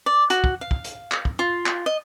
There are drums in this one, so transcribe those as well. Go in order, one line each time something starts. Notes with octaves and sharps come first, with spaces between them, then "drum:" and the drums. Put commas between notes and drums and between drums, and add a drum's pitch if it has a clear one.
D5
F#4, drum: hi-hat
drum: kick
F5
drum: kick
drum: hi-hat
drum: clap
drum: kick
F4
drum: clap
D#5